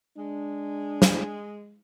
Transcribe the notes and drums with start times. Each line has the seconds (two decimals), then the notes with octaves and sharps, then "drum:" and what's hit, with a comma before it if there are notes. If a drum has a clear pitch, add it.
0.17 G#3 D4
1.02 drum: snare